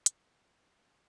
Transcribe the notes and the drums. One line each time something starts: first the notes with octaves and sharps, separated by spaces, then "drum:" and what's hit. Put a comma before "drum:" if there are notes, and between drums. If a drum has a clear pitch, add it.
drum: hi-hat
D4 E4 A4 G#5 D#6 E6